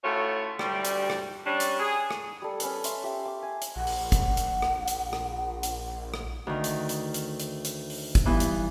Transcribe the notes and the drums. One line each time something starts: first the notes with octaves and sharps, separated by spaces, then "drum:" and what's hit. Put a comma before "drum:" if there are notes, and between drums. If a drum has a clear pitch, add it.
A2 A3 C#4 F4 F#4 C#5
D2 G3, drum: rim click
drum: hi-hat
drum: rim click
G3 C#4 D4
drum: hi-hat
G#4
drum: rim click
G3 A4
C#4 A4 B4, drum: hi-hat
E5 C6 C#6, drum: hi-hat
G4 E5
D6
G#5
drum: hi-hat
A#1 F#5
drum: open hi-hat
drum: kick, hi-hat
drum: hi-hat
drum: rim click
drum: hi-hat
drum: rim click
drum: hi-hat
drum: rim click
D2 D#3
drum: hi-hat
drum: hi-hat
drum: hi-hat
drum: hi-hat
drum: hi-hat
drum: open hi-hat
drum: kick, hi-hat
G2 E3 B3
drum: hi-hat